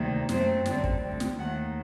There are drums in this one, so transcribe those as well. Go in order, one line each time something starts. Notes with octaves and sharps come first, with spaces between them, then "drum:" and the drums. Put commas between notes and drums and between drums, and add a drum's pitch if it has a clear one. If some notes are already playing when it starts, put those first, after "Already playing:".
Already playing: D2 C3 D#3 G3 A#3
F#2 F#3 A3 C4 C5, drum: snare
F#2 D3 G3 C4, drum: snare
drum: kick
D2 D3 G3
drum: snare
D#2 D#3 A3 F#5